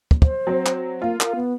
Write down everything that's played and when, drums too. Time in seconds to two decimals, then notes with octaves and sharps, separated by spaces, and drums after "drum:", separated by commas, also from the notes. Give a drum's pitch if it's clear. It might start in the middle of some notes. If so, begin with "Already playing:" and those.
0.11 drum: kick
0.22 C5, drum: kick
0.47 F#3 C4
0.66 drum: clap
1.02 A#3 F4
1.21 A#4, drum: clap
1.36 B3